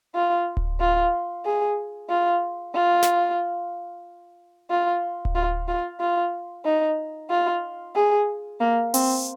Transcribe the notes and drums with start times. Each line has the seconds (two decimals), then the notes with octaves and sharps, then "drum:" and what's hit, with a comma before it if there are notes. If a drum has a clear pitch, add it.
0.15 F4
0.57 drum: kick D1
0.80 F4
1.45 G#4
2.10 F4
2.75 F4
3.03 drum: snare
4.70 F4
5.25 drum: kick D1
5.35 F4
5.68 F4
6.00 F4
6.65 D#4
7.30 F4
7.95 G#4
8.60 A#3
8.94 C4, drum: open hi-hat